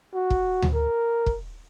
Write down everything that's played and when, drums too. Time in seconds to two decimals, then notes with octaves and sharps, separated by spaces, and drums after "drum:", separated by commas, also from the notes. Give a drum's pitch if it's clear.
0.14 F#4
0.30 drum: kick
0.62 drum: tom D2
0.75 A#4
1.26 drum: kick